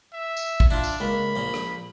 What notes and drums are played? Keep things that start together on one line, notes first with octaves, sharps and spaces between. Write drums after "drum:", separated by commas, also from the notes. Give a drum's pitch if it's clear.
E5
drum: tambourine
drum: kick
D4 E4 F4
drum: tambourine
C#2 A#3 B5
A#1 A#2
drum: rim click